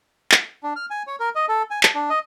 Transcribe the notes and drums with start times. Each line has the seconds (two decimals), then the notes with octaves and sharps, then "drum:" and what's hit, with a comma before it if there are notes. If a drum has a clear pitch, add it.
0.32 drum: clap
0.63 D4
0.76 F6
0.90 G#5
1.07 C#5
1.20 A#4
1.35 D#5
1.48 A4
1.71 G#5
1.83 A5, drum: clap
1.95 D4
2.10 D#5